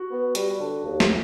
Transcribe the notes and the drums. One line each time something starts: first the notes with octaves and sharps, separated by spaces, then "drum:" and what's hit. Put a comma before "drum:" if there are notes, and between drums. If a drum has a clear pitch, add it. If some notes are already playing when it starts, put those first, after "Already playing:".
Already playing: F#4
B3
G3, drum: hi-hat
D3
D#2
drum: snare